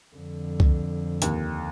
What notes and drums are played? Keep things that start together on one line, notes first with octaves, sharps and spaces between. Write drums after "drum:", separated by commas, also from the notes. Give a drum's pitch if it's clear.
F2 D3
drum: kick
D#2, drum: hi-hat